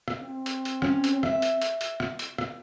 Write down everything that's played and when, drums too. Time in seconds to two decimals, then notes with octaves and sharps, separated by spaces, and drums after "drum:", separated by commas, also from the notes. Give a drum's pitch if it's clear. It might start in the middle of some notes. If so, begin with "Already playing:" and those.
0.08 drum: rim click
0.22 C4
0.46 drum: hi-hat
0.65 drum: hi-hat
0.82 C#4, drum: rim click
1.04 drum: hi-hat
1.23 E5, drum: rim click
1.42 drum: hi-hat
1.62 drum: hi-hat
1.81 drum: hi-hat
2.00 drum: rim click
2.19 drum: hi-hat
2.38 drum: rim click